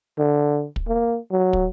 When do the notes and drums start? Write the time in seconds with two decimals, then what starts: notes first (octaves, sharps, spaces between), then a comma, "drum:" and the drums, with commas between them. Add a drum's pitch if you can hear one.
0.18 D3
0.76 drum: kick
0.88 A#3
1.31 F#3
1.53 drum: kick